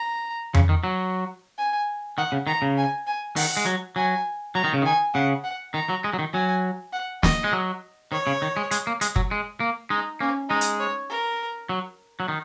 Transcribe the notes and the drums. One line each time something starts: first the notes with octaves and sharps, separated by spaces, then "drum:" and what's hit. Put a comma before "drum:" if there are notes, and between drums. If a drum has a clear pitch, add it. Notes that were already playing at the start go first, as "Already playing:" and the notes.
Already playing: A#5
C#3, drum: tom F2
D#3
F#3
G#5
D#3 F#5
C#3
D#3 A#5
C#3
G#5
G#5
D#3 F#5, drum: open hi-hat
G#3
F#3
F#3 G#5
F#3 A#5
D#3
C#3
D#3 G#5
C#3 F#5
F#5
D#3 A#5
F#3
G#3
F#3
D#3
F#3 G#5
F#5
D#5, drum: snare
G#3
F#3
D#3 C#5
C#3
D#3
G#3
G#3, drum: hi-hat
A#3
G#3, drum: hi-hat
F#3, drum: kick
G#3
A#3
G#3 D#4
A#3 C#4
G#3 D#4
drum: hi-hat
C#5
A#4
F#3
F#3
D#3